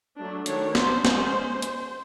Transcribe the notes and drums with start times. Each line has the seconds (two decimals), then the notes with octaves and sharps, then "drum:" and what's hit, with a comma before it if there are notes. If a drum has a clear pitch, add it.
0.17 F#3 A3 D4
0.46 D#3 F#3 A3 D4 C#5, drum: hi-hat
0.75 F#3 B3 D4 C5, drum: snare
1.05 G#3 C#4 C5, drum: snare
1.62 drum: hi-hat